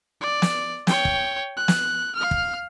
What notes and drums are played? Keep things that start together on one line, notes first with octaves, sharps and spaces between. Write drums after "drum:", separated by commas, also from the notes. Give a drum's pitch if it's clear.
D5
drum: snare
C#5 G5, drum: snare
drum: kick
F#6
drum: snare
F5 F6
drum: kick